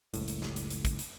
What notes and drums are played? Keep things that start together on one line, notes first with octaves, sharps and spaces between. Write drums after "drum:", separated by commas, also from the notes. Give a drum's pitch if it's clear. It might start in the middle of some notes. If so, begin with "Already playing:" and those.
F#1 C#2 A2, drum: hi-hat
drum: hi-hat
drum: snare
drum: hi-hat
drum: hi-hat
drum: kick, hi-hat
drum: hi-hat